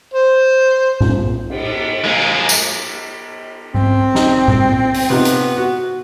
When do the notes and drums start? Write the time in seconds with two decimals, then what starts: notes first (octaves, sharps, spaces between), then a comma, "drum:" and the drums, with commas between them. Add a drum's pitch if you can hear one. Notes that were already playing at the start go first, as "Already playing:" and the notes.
0.14 C5
1.00 drum: tom A2
1.50 drum: cymbal
2.04 G#3 A#3
2.49 drum: tambourine
3.74 C4, drum: tom G#2
4.15 D#4, drum: snare
4.48 drum: tom A2
4.94 drum: open hi-hat
5.10 C3 F3 B3 D#4
5.25 drum: hi-hat
5.57 F#4